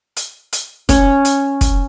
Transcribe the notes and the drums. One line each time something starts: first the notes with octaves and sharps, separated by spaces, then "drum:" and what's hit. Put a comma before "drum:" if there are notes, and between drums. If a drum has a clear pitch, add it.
drum: hi-hat
drum: hi-hat
C#4 C#5, drum: kick, hi-hat
drum: hi-hat
drum: kick, hi-hat